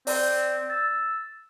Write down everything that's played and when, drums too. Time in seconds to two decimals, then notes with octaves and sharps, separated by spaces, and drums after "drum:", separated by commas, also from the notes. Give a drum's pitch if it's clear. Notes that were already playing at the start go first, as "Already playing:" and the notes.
0.07 C4 D5, drum: open hi-hat
0.70 E6 A6